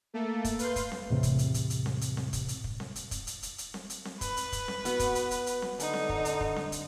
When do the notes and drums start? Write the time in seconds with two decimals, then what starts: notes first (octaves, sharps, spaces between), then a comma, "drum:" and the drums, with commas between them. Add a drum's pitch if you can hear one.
0.14 A3 A#3 A4
0.45 drum: kick, hi-hat
0.59 B4 F5 C6 G6, drum: hi-hat
0.76 drum: kick, hi-hat
0.92 drum: snare C4
1.10 E2 A2 C3
1.23 drum: kick, hi-hat
1.39 drum: hi-hat
1.54 drum: hi-hat
1.70 drum: hi-hat
1.86 drum: snare C4
2.01 drum: hi-hat
2.17 drum: snare C4
2.33 drum: kick, hi-hat
2.48 drum: hi-hat
2.64 drum: kick
2.80 drum: snare C4
2.96 drum: hi-hat
3.11 drum: kick, hi-hat
3.27 drum: hi-hat
3.43 drum: hi-hat
3.58 drum: hi-hat
3.74 drum: snare C4
3.90 drum: hi-hat
4.05 drum: snare C4
4.21 B4, drum: kick, hi-hat
4.37 drum: hi-hat
4.52 drum: kick, hi-hat
4.68 drum: snare C4
4.85 B3 F#4, drum: hi-hat
4.99 drum: kick, hi-hat
5.15 drum: hi-hat
5.31 drum: hi-hat
5.47 drum: hi-hat
5.62 drum: snare C4
5.80 D3 D#4, drum: hi-hat
5.94 drum: snare C4
6.09 drum: kick
6.25 drum: hi-hat
6.41 drum: kick
6.56 drum: snare C4
6.72 drum: hi-hat